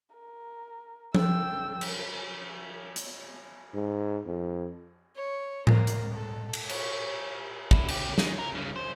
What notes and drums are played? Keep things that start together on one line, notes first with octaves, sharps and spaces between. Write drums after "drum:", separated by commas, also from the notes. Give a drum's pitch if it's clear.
A#4
G5 E6, drum: tom F3
drum: cymbal
drum: hi-hat
G#2
F2
C#5
A#3, drum: tom A2
drum: hi-hat
A4
drum: cymbal
C#5, drum: cymbal
D3 E4, drum: kick
C#3 G4, drum: cymbal
D#3, drum: snare
A#4
G2 C#3
C5